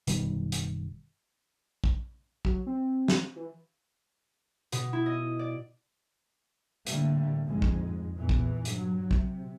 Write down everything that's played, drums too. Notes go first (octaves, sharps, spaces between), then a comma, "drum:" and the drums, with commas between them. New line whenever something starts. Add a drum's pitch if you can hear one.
F#1 B2 D#3 G3, drum: hi-hat
drum: hi-hat
drum: kick
F#3, drum: kick
C4
drum: snare
E3
B2, drum: hi-hat
E4
D#5
D5
A2 D3 G3 A3 A#3, drum: hi-hat
A#1 F2 G#2 G#3
drum: kick
E2 A#2 E3
drum: kick
G2 F#3, drum: hi-hat
C3, drum: kick